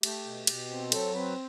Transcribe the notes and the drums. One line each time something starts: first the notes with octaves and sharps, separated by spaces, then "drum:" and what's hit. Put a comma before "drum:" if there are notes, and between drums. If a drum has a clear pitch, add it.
A3 G4, drum: cymbal
B2
B2, drum: cymbal
C4
F#3 A4, drum: cymbal
C4 B4